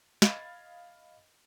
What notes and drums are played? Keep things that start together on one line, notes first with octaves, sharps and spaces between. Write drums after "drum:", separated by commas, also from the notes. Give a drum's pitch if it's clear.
D#5 F5 B5 G#6 A6, drum: snare